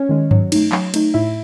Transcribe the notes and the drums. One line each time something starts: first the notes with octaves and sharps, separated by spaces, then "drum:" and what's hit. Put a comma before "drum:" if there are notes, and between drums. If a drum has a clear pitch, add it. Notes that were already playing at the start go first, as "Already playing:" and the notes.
Already playing: C#4 C#5
D#3 G#3
F#3, drum: tom G2
A3 D#4, drum: cymbal
F#3, drum: clap
A3 D#4, drum: cymbal
A2 E4 E5